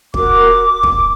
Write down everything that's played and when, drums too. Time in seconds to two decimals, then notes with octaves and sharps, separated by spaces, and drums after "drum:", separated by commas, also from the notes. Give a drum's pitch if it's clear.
0.14 F#4 A#4 D6, drum: kick
0.83 drum: kick